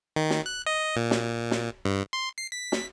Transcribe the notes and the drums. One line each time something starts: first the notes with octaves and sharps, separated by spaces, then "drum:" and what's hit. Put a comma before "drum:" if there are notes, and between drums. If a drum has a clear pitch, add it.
D#3
drum: snare
F#6
D#5
A#2
drum: snare
drum: snare
G2
C6
C7
B6
drum: snare